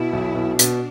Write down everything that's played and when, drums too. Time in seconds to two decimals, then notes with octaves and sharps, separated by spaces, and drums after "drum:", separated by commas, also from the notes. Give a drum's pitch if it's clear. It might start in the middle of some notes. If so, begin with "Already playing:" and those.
Already playing: B2 E4
0.13 B1
0.35 B2
0.59 B2 D4, drum: hi-hat